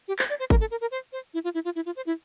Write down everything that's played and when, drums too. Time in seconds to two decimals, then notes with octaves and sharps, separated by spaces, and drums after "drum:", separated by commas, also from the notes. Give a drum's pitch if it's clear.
0.08 G4
0.19 C5, drum: clap
0.30 D5
0.39 C5
0.50 A#4, drum: kick G#1
0.60 A4
0.71 A#4
0.81 A#4
0.91 C5
1.12 C5
1.34 E4
1.44 F4
1.54 E4
1.65 F4
1.76 E4
1.86 F4
1.96 C5
2.06 E4